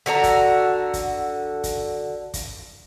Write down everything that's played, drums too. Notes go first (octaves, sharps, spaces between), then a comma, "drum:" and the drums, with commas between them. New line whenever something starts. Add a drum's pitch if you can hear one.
D3 F#4 C#5 A#5
drum: kick, hi-hat
drum: kick, hi-hat
drum: kick, hi-hat
drum: kick, hi-hat